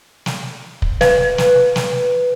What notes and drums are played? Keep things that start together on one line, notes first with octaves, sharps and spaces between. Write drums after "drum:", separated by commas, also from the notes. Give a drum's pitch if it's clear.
drum: snare
drum: kick
B4, drum: snare
drum: snare
drum: snare